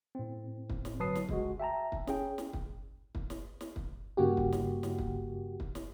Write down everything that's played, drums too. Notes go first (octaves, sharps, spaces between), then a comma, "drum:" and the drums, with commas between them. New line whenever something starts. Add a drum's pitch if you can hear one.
A2 C4
drum: kick
drum: snare
G1 F#3 B4 A5 D#6 C7
drum: snare
C#2 G#3 F#4, drum: kick
E5 G5 A5 A#5
drum: kick
C#4 G#4 G5, drum: snare
drum: snare
drum: kick
drum: kick
drum: snare
drum: snare
drum: kick
G2 C#3 A#3 F#4 G4
drum: kick
drum: snare
drum: snare
drum: kick
drum: kick
drum: snare